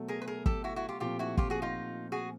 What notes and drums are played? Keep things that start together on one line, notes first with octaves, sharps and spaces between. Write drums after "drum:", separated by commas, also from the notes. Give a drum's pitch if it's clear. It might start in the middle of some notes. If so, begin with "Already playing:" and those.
Already playing: B2 F#3 A3
G#4 A#4
B4
G#4 A#4
G4 A4, drum: kick
E4 F#4
E4 F#4
F4 G4
A#2 F3 A3 C4 F4 G4
E4 F#4
F4 G4, drum: kick
F#4 G#4
D#4 F4
F#4 G#4